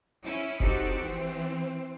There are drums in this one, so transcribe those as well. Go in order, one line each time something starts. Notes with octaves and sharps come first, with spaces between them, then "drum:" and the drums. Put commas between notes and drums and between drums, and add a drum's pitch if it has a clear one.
C#4 E4
C4 D#4 F#4 G4 A4, drum: kick F1
E3 C4